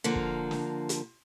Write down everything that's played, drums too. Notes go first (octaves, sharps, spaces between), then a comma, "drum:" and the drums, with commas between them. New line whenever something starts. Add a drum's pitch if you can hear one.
D3 F3 A#3
drum: kick
drum: snare
drum: hi-hat